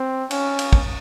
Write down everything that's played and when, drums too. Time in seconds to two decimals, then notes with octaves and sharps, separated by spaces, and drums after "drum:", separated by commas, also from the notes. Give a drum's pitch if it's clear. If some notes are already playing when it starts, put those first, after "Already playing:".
Already playing: C4
0.31 C#4, drum: cymbal
0.59 drum: cymbal
0.73 drum: kick